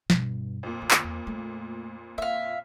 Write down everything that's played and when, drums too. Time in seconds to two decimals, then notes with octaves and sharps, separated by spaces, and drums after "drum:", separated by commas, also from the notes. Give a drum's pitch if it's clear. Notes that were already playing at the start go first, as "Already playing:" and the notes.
0.10 G2 B2, drum: snare
0.63 F2 A#2
0.82 D2
0.91 drum: clap
1.04 E2
1.27 A3
2.18 C4 E5 F5